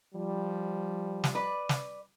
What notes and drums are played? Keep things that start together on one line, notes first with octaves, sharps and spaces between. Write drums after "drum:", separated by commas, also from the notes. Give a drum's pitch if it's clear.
F3 G3
drum: snare
B4 D5
drum: snare